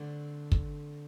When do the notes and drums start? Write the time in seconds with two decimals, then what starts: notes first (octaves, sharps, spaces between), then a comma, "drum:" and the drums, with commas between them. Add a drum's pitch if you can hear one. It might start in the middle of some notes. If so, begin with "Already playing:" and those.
Already playing: D3 A3 C4 D4
0.52 drum: kick